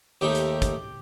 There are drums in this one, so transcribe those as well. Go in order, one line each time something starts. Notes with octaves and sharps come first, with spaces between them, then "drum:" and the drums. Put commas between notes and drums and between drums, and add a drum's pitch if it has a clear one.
D#2 D#3 A3 D#4 G4 G5
drum: hi-hat
drum: kick, hi-hat